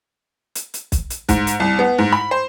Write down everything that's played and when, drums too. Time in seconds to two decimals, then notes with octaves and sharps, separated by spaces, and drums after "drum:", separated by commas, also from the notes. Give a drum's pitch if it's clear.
0.55 drum: hi-hat
0.74 drum: hi-hat
0.92 drum: kick B1, hi-hat
1.10 drum: hi-hat
1.29 G#2, drum: kick B1, hi-hat
1.47 drum: hi-hat
1.60 C2
1.79 B3
1.98 G#2
2.13 B5
2.31 C5